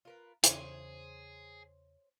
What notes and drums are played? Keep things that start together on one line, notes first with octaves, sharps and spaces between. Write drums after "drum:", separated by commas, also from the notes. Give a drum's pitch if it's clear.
F4 A#4 B4
E2 C#3 G#4 C5 C#5, drum: hi-hat